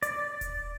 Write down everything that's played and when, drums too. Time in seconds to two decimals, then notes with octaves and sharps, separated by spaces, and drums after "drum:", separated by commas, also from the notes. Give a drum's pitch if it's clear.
0.03 D5, drum: hi-hat
0.41 drum: kick D#1, hi-hat